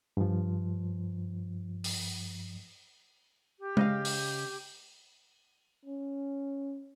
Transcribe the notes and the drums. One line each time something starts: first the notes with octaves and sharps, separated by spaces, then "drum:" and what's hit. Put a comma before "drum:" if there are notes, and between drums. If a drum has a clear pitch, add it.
G2 F3
drum: open hi-hat
G4
C#3 D#5 F5, drum: tom G#3
drum: open hi-hat
C#4